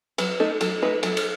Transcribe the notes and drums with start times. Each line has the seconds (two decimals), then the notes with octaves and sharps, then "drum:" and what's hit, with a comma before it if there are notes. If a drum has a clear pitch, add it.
0.18 F#3 B4, drum: cymbal
0.40 A3 D#4 A4
0.61 F#3 A4, drum: cymbal
0.82 A3 D#4 B4
1.03 F#3 A4, drum: cymbal
1.17 drum: cymbal